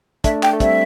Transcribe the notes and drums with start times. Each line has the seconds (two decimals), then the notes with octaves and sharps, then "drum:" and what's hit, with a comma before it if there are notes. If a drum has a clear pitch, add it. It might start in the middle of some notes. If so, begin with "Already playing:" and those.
0.24 A3 D4 E5, drum: kick, hi-hat
0.43 G5, drum: clap
0.53 A3
0.60 G3 C4 E5, drum: kick, hi-hat